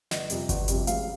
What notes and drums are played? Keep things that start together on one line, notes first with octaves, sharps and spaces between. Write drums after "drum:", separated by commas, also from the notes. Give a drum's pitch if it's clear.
G1 D#5, drum: snare
F2 C3 G3, drum: hi-hat
G1, drum: kick G1, hi-hat
F2 C3 G3, drum: hi-hat
C#2 F5, drum: hi-hat